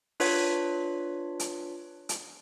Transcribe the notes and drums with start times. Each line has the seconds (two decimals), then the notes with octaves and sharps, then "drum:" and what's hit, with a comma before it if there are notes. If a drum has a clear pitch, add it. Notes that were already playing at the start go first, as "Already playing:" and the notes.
0.20 D4 F4 B4 C#5 B6, drum: open hi-hat
1.40 drum: hi-hat
2.09 drum: hi-hat